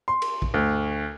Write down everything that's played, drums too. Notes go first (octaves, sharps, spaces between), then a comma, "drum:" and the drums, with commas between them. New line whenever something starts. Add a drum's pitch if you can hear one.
C6
drum: cymbal
drum: kick
D2